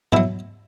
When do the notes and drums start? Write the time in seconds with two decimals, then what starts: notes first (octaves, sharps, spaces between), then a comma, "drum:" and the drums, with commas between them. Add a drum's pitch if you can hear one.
0.12 B2 F#3 E4, drum: tom G#2